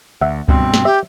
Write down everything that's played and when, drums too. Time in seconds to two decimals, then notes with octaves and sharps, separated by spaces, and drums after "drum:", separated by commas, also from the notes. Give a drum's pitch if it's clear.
0.21 D2 E5 F#5
0.48 G2 B2 C4, drum: kick C#2
0.74 drum: snare
0.85 G4 E5